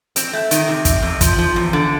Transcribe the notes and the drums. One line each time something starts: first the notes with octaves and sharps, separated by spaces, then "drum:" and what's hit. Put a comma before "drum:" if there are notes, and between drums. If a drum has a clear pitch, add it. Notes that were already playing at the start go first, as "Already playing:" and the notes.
C4, drum: hi-hat
A3
D#3, drum: hi-hat
C3
C3, drum: kick, hi-hat
F2
F3, drum: kick, hi-hat
F3
E2
D3